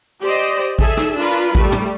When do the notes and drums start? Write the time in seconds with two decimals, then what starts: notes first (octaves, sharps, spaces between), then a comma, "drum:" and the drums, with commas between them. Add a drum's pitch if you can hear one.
0.22 G4 C5 D5 D#5
0.79 G#4 A4 E5, drum: kick A1
0.97 drum: snare
1.18 D4 F4 A#4 B4
1.55 G3 A3, drum: kick A1
1.72 drum: tom